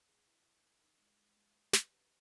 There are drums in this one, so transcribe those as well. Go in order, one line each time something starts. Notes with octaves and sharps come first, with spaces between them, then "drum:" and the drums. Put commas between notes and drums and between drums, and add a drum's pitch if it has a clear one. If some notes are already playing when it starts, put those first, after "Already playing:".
Already playing: B4
G#4
E4
E4
A#4
D#4
G#3
G#3
G#3
B4
B4, drum: snare
G4